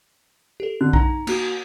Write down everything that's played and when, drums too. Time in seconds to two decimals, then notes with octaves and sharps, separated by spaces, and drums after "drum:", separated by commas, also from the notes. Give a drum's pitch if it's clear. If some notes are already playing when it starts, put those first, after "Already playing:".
0.60 G4 A4
0.81 D3 F#6
0.93 D#4 A#5, drum: kick B1
1.27 A#3 F#4, drum: cymbal